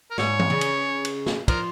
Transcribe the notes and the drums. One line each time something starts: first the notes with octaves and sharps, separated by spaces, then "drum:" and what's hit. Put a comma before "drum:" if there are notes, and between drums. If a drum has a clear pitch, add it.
A#4
G#2 C#5, drum: snare
drum: tom E3
C#3
drum: cymbal
drum: cymbal
drum: snare
F3 A#4, drum: kick, cymbal